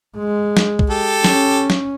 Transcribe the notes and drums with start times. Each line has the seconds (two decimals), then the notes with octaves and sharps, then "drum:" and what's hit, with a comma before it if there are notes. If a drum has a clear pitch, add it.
0.17 G#3
0.57 drum: snare
0.79 drum: kick
0.90 G4 A4
1.24 C#4, drum: snare
1.70 drum: snare